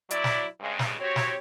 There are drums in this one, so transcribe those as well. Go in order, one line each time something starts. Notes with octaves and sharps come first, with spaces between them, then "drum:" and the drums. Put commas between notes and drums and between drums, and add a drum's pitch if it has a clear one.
F#3 E4 D5, drum: hi-hat
drum: snare
G2 C#3 G#3
drum: snare
C4 F#4 G4 C#5
drum: snare